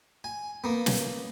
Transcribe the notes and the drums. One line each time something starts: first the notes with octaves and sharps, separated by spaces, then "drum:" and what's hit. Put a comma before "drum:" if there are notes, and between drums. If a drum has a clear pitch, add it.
G#5
A#3 B3
drum: snare